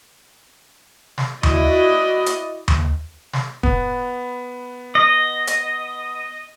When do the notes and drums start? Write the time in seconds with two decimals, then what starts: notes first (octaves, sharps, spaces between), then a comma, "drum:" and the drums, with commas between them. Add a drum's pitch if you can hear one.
1.18 drum: snare
1.43 E4 F#4 D5 D#5, drum: tom D#2
2.26 drum: hi-hat
2.68 drum: tom D#2
3.33 drum: snare
3.63 B3, drum: kick
4.95 D#5
5.47 drum: hi-hat